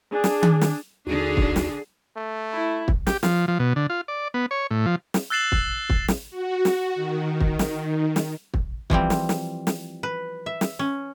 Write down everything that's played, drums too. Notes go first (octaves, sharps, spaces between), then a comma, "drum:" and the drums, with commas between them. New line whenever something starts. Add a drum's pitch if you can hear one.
D4 G#4
drum: snare
drum: tom D#3
drum: snare
D#2 D3 D4 D#4 F#4 G#4
drum: kick
drum: snare
A3
E4
drum: kick
G4, drum: snare
F3, drum: snare
F3
B2
D3
F4
D5
B3
C#5
A2
F3
drum: snare
E6 F#6 A6 C7 E7 F#7
drum: kick
drum: kick
drum: snare
F#4
drum: snare
D#3
drum: kick
drum: snare
drum: snare
drum: kick
E3 F3 G3 C4, drum: kick
drum: snare
drum: snare
drum: snare
B4
E5
drum: snare
C#4